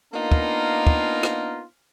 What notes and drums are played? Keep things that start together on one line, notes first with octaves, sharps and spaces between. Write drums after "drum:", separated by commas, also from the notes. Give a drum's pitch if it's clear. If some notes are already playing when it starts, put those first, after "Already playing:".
A#3 B3 D4 D#4 F4 A#4
drum: kick
drum: kick
drum: rim click